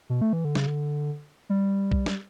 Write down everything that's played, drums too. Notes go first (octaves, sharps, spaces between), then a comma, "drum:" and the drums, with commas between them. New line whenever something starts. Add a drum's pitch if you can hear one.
B2
A3
E3
D3
C#3, drum: snare
D3
G3
drum: kick B1
drum: snare